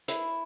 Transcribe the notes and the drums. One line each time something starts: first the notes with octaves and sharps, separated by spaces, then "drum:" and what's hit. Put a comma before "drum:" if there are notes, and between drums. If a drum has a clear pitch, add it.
E4, drum: hi-hat